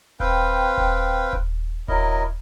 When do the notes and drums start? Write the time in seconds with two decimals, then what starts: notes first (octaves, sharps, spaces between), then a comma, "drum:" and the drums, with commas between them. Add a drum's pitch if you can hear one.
0.20 C4 B4 F5 G5, drum: kick D#1
0.78 drum: kick D#1
1.33 drum: kick D#1
1.88 F#3 E4 A#4 D#5, drum: kick D#1